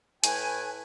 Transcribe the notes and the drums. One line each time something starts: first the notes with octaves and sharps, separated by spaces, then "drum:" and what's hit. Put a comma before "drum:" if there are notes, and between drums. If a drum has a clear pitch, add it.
A2 B4 G5 G#5, drum: hi-hat